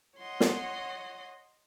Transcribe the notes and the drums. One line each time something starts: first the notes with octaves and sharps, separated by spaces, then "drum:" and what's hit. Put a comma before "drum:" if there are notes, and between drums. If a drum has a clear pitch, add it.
C#5 D#5 F#5 C6
drum: snare